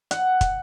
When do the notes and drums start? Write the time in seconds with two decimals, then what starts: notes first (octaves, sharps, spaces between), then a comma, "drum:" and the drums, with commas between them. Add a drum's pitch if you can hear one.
0.11 F#5, drum: hi-hat
0.41 drum: kick, hi-hat